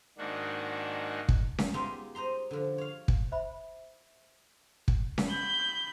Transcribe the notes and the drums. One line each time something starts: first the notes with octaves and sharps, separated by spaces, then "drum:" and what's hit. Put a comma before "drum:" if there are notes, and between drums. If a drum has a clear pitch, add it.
G#2 D#3 A#3 D4 F#4
drum: kick
drum: snare C#4
G#3 B3 D#4 F4 G4 E5
C5 D#5 A#5 C6
D3 F3
C#5 F5
drum: kick
C5 E5 B5
drum: kick
drum: snare C#4
B5 G6